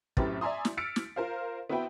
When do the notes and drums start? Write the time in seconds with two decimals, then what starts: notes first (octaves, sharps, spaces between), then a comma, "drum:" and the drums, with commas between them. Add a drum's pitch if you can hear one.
0.17 F#2 A2 C4 G4 B4 A6, drum: kick
0.41 D5 E5 G#5 A#5 C6 D#6
0.65 drum: snare
0.77 E6 F6 A6 B6 C#7 D7
0.96 drum: snare
1.16 F4 A#4 C5 F5
1.69 B3 C4 E4 F#4 B4 G5